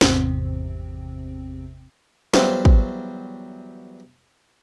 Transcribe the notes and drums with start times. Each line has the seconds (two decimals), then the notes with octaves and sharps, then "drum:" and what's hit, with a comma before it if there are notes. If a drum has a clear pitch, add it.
0.01 G#1 E2 C3 C4, drum: snare
2.34 E2 F#3 G3 C5 E5 F5, drum: snare
2.65 drum: kick